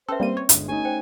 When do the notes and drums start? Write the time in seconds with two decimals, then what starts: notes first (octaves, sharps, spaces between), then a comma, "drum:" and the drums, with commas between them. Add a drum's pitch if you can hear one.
0.09 C#4 A4 B4 C5 E5
0.20 G3 A#3 C4 D#7
0.37 C#5
0.49 G1 G#3, drum: hi-hat
0.68 A3 C#4 D#4 G4 G#5
0.85 C5 G5